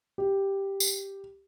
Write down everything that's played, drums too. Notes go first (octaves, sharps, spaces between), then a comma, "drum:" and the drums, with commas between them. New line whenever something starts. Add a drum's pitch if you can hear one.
G4
drum: tambourine